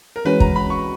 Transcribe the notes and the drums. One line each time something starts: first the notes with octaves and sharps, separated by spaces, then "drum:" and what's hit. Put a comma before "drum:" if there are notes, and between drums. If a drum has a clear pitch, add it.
A#4
E3 G#3 C#4 F#4 B4
A#5, drum: kick
B5
C#6